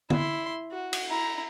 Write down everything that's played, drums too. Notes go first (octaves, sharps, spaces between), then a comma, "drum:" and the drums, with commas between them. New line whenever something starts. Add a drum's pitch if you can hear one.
E4 C6, drum: tom
F#4
drum: cymbal
E4 A#5